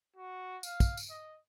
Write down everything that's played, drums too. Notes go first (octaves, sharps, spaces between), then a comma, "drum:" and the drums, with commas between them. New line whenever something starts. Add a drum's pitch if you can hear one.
F#4
F5, drum: tambourine
drum: kick, tambourine
drum: tambourine
D#5